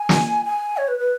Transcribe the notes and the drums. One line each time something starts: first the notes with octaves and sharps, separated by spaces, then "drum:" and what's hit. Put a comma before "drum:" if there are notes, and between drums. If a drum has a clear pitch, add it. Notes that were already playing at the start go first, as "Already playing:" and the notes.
Already playing: G#5
drum: snare
G#5
C#5
B4
B4